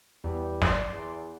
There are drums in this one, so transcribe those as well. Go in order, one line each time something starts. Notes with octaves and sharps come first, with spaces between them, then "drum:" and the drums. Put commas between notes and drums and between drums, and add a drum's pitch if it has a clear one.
E2 G3
D5 C6, drum: snare
E2